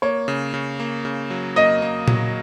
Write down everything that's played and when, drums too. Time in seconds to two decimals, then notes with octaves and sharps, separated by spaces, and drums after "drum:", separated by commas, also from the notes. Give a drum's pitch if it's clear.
0.02 A#3 C#5
0.28 C#3
0.54 C#3
0.80 A#3
1.05 C#3
1.30 F#3
1.56 A#3 D#5
1.82 A#3
2.08 F#3, drum: tom A#2